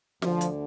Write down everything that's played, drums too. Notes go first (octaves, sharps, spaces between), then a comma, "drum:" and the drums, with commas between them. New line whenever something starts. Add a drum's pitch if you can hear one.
D2 D3 F3, drum: snare
drum: hi-hat